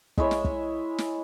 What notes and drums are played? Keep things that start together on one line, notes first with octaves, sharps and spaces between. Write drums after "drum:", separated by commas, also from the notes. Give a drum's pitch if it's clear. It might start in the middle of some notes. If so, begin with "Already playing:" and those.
G#3 E4 C#5 E5, drum: kick
drum: snare
drum: kick
drum: snare